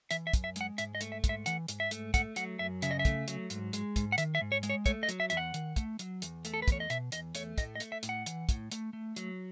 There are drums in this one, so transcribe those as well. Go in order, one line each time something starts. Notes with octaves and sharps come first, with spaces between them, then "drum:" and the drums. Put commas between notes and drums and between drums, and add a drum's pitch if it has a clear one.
E3 E5, drum: hi-hat
E5
F#2, drum: kick, hi-hat
E5
G#3 F#5, drum: hi-hat
G#2 E5, drum: hi-hat
D#5
A3, drum: hi-hat
E5
G#2, drum: kick, hi-hat
E5
E3 F#5, drum: hi-hat
G#2, drum: hi-hat
E5
A3, drum: hi-hat
A3 F#5, drum: kick, hi-hat
F#3 F#5, drum: hi-hat
F#2 E5
C#3 E5, drum: hi-hat
D#5
E5
A3, drum: kick, hi-hat
F#3, drum: hi-hat
G#2, drum: hi-hat
G#3, drum: hi-hat
G#2, drum: kick, hi-hat
F#5
D#3 E5, drum: hi-hat
E5
G#2
C#5
G#3, drum: hi-hat
C#5
A3 C#5, drum: kick, hi-hat
D#5
F#3, drum: hi-hat
E5
E2 E5, drum: hi-hat
F#5
D#3, drum: hi-hat
A3, drum: kick, hi-hat
F#3, drum: hi-hat
E2, drum: hi-hat
A3, drum: hi-hat
A4
B4
E2 C#5, drum: kick, hi-hat
D#5
B2 E5, drum: hi-hat
E2 D#5, drum: hi-hat
A3 C#5, drum: hi-hat
A2 D#5, drum: kick, hi-hat
D#5
A3, drum: hi-hat
E5
A2, drum: hi-hat
F#5
E3, drum: hi-hat
A2, drum: kick, hi-hat
A3, drum: hi-hat
A3
F#3, drum: hi-hat